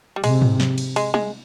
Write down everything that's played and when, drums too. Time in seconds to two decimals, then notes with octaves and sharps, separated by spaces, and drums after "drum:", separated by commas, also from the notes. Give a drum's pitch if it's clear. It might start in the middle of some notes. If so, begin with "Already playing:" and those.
0.16 G3
0.24 C3 G#3, drum: cymbal
0.42 drum: tom G#2
0.60 drum: snare
0.78 drum: cymbal
0.96 G#3, drum: cymbal
1.14 G#3, drum: tom G3